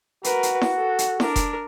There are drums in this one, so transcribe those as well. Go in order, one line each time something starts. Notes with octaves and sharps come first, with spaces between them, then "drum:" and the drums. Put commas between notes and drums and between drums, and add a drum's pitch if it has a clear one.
F#4 A#4 B4, drum: hi-hat
drum: hi-hat
drum: snare E4
A4
drum: hi-hat
D4 A#4, drum: snare E4
drum: kick F1, hi-hat